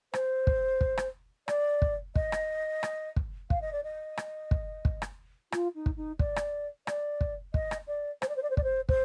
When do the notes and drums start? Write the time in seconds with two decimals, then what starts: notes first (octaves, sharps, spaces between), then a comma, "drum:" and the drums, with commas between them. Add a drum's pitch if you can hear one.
0.14 C5, drum: rim click
0.47 drum: kick
0.81 drum: kick
0.97 drum: rim click
1.48 D5, drum: rim click
1.82 drum: kick
2.15 D#5, drum: kick
2.32 drum: rim click
2.83 drum: rim click
3.16 drum: kick
3.50 F5, drum: kick
3.61 D#5
3.73 D5
3.84 D#5
4.17 drum: rim click
4.51 drum: kick
4.85 drum: kick
5.02 drum: rim click
5.52 F4, drum: rim click
5.75 D#4
5.86 drum: kick
5.97 D#4
6.19 D5, drum: kick
6.36 drum: rim click
6.87 D5, drum: rim click
7.21 drum: kick
7.54 D#5, drum: kick
7.71 drum: rim click
7.88 D5
8.22 C5, drum: rim click
8.29 D5
8.36 C5
8.43 D5
8.50 C5
8.57 D5, drum: kick
8.64 C5
8.89 C5, drum: kick